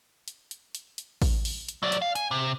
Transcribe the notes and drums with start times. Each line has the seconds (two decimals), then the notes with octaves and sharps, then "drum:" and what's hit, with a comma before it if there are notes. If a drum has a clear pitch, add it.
0.28 drum: hi-hat
0.51 drum: hi-hat
0.75 drum: hi-hat
0.98 drum: hi-hat
1.22 drum: kick A1, open hi-hat
1.45 drum: open hi-hat
1.69 drum: hi-hat
1.83 F#3 D5
1.92 drum: hi-hat
2.02 F5
2.16 G#5, drum: hi-hat
2.31 C3